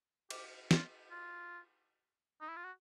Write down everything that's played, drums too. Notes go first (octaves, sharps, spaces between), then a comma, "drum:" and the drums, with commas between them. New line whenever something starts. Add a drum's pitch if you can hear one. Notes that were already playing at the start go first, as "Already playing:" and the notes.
G4, drum: cymbal
F4, drum: snare
F4
D#4
E4
F4
F#4